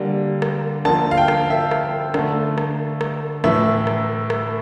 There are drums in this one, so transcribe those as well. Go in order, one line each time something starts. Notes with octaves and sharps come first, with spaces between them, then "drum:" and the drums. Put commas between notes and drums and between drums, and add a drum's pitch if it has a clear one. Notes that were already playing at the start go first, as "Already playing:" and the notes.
Already playing: D3 G3 A#3
drum: rim click
D3 F3 A#3 A5, drum: rim click
F5
G5
drum: rim click
E5
drum: rim click
D3 A3, drum: rim click
drum: rim click
drum: rim click
A2 E3 A3 E5, drum: rim click
drum: rim click
drum: rim click